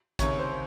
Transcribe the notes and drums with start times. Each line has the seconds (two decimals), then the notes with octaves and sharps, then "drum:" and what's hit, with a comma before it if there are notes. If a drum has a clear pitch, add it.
0.19 C#2 C3 D#3 C#5, drum: kick, hi-hat
0.38 C5